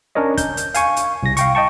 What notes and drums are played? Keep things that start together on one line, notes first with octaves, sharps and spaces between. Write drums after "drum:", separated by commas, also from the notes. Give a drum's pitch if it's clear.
C#4 D4 A#4 C#5 D#5
G6, drum: kick, hi-hat
drum: hi-hat
F5 G#5 C#6, drum: hi-hat
drum: hi-hat
C2 A#6
F5 G5 C#6, drum: hi-hat
D#5 G5 A5 C#6